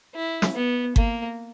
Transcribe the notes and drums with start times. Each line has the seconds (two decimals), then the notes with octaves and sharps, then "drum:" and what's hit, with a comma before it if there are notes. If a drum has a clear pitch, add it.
0.15 E4
0.42 drum: snare
0.56 B3
0.96 A#3, drum: kick G1